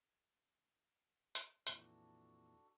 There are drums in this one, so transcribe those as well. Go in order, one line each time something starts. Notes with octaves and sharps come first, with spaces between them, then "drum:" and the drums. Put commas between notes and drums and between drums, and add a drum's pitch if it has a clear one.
drum: hi-hat
F2 A#2 E3 D4 F#4 A4, drum: hi-hat